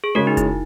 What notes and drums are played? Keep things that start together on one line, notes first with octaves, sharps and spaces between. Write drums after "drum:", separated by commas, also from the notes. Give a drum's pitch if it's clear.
G#4
C#3 G#3 C#4 F#4 A#4
D#4
E4, drum: kick F1, hi-hat